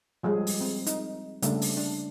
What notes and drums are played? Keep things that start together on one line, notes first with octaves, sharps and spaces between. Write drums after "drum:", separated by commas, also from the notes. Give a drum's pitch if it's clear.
F3 G3 G#3 G#4 C#5
drum: open hi-hat
C4
D#4, drum: hi-hat
C#3 G3 A3 A#3 D4, drum: hi-hat
drum: open hi-hat
D4